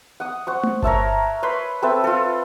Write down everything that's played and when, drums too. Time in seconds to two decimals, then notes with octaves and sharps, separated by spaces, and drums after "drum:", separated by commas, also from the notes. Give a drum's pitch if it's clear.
0.20 F#5 D#6
0.47 C5 F#5 C#6
0.63 drum: tom A3
0.83 A#4 C#5 E5 A5, drum: kick G1
1.43 B4 C#5 B5 C6
1.82 C4 A4 B4 E5
2.04 F4 A4